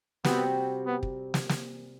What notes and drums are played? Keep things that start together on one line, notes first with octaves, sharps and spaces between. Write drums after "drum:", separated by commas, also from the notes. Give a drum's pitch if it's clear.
C3 G3 B3 C4 F#4, drum: snare
B3
drum: kick
drum: snare
drum: snare